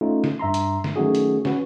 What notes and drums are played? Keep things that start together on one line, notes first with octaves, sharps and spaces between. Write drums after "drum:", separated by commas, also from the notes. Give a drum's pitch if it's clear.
A3 C#4 D#4 F4
drum: snare
G2 E5 A#5 C6
drum: hi-hat
drum: snare
D#3 F#3 A3 C#4 F#4 G#4
drum: hi-hat
C#4 F#4 B4, drum: snare